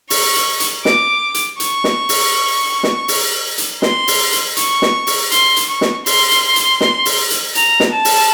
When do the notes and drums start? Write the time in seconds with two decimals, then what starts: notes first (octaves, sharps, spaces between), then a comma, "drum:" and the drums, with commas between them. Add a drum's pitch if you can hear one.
0.10 C#6, drum: open hi-hat
0.35 drum: hi-hat
0.60 drum: hi-hat
0.85 D6, drum: snare
1.34 drum: hi-hat
1.60 C#6, drum: hi-hat
1.84 drum: snare
2.09 drum: open hi-hat
2.83 drum: snare
3.08 drum: open hi-hat
3.58 drum: hi-hat
3.82 C6, drum: snare
4.08 drum: open hi-hat
4.32 drum: hi-hat
4.57 C#6, drum: hi-hat
4.82 drum: snare
5.07 drum: open hi-hat
5.32 C6, drum: hi-hat
5.56 drum: hi-hat
5.69 C#6
5.81 drum: snare
6.06 C6, drum: open hi-hat
6.31 drum: hi-hat
6.56 drum: hi-hat
6.81 drum: snare
7.05 drum: open hi-hat
7.30 drum: hi-hat
7.55 A#5, drum: hi-hat
7.80 drum: snare
7.92 A5
8.05 drum: open hi-hat